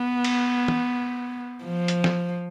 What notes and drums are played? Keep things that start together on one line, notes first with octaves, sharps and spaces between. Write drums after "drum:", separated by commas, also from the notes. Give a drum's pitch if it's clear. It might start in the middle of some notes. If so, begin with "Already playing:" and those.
Already playing: B3
drum: cymbal
drum: tom
F3
drum: hi-hat
drum: snare